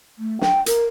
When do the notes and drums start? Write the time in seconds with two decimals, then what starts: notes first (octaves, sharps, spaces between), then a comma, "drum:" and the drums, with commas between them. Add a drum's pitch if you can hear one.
0.19 A3
0.41 G5, drum: snare
0.66 A#4, drum: hi-hat